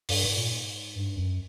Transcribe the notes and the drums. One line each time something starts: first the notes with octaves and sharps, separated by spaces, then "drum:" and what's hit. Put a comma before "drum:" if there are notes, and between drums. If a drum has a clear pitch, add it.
G2, drum: open hi-hat
G#2
A#2
G#2
G2
F#2